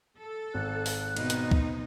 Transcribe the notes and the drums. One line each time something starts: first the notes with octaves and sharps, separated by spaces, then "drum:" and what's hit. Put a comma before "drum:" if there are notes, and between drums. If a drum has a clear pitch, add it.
A4
G#1 F#6
drum: open hi-hat
B2 C4 D#4, drum: cymbal
drum: hi-hat
drum: kick